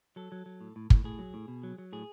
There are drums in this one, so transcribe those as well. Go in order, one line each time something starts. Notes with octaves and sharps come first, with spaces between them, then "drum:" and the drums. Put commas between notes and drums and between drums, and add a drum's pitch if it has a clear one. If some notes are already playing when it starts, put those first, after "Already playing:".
F#3 A4
F#3
F#3
A2
A2
A2, drum: kick
A2 G#4
F#3
A2
B2
F#3
F#3
A2 G#4